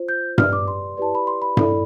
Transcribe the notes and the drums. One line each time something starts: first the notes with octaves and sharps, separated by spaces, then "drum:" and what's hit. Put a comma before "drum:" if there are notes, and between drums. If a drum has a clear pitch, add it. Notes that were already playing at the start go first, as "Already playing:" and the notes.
Already playing: F4 C5
G6
G4 B4 D5 F6, drum: tom G2
D6
C6
E4 G4 B4 D5 A5
B5
C6
B5
E4 A4 D5, drum: tom G2